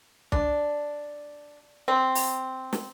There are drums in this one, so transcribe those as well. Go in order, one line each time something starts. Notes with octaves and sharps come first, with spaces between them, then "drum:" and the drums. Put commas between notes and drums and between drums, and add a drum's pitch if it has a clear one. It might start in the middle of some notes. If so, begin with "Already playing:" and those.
D4, drum: kick
C4
drum: open hi-hat
drum: snare